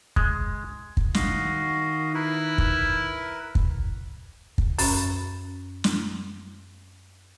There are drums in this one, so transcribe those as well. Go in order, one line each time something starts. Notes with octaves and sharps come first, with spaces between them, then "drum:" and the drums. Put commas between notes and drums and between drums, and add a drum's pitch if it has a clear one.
G#3, drum: kick
drum: kick
D#3 F#4 D#5 F5, drum: snare
E4 A#4 B4
drum: kick
drum: kick
drum: kick
F#2 C#4 B5 A6, drum: open hi-hat
drum: snare